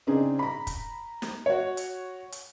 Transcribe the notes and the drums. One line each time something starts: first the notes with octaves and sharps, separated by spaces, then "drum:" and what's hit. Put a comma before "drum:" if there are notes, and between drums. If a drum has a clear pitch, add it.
C#3 C4 D4 D#4 G#4
A#5 B5
drum: kick, hi-hat
drum: snare
F#4 C#5
drum: hi-hat
drum: hi-hat